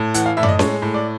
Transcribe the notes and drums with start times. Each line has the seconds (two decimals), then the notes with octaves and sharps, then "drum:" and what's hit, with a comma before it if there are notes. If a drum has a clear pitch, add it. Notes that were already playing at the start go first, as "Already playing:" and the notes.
Already playing: A2
0.14 E3 F#5, drum: hi-hat
0.26 F5
0.37 A2 E5
0.43 D5, drum: tom F#2
0.49 D#5
0.59 G#3 C#5, drum: snare C#4
0.82 A2
0.94 D5